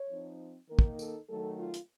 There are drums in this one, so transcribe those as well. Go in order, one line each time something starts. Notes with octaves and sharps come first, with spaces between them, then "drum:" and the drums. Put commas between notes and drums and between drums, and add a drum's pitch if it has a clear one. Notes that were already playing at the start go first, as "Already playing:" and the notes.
Already playing: C#5
F3 C4 D#4
D#3 A#3 D#4 A#4
drum: kick
A4, drum: tambourine
D#3 F#3 A3 A4
F4
drum: hi-hat